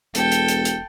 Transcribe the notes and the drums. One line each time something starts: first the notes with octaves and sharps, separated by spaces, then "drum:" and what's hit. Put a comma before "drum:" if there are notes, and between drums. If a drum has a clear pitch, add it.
E1 A4 G5, drum: hi-hat
drum: hi-hat
drum: hi-hat
drum: hi-hat